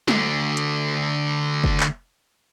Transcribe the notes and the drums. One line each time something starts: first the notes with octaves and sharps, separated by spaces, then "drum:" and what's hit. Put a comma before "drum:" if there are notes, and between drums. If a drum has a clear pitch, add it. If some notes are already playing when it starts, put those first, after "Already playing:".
D2 D3, drum: snare
drum: hi-hat
drum: kick
drum: clap